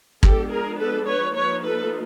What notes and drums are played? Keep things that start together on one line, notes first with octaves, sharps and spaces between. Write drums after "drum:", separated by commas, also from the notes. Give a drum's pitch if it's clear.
F3 G#3 B3 D4 G4 A4, drum: kick
G#4 A#4
A4 B4
B4 C#5
F3 A#3 D#4 B4 C#5
A4 B4